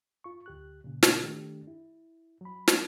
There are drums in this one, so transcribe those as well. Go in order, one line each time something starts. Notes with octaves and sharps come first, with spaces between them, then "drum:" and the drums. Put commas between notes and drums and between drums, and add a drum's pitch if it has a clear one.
F4 C#6
D2 G4 F#6
A#2 C#3
drum: snare
D#3 A3 D4 G4
E4
F#3 B5
drum: snare